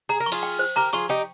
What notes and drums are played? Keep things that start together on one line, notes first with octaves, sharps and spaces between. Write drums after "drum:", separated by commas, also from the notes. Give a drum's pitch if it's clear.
G#4 A#5
A#4
C#6
F4 G#4, drum: cymbal
G5
C5
G4 A#4 A#5
F4 G#4 C#6, drum: hi-hat
D#4 G4 G5